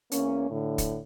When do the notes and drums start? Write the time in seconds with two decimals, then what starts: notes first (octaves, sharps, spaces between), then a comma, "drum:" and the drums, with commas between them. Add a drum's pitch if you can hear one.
0.11 E2 A#3 C#4, drum: hi-hat
0.50 A2 D3
0.78 drum: kick, hi-hat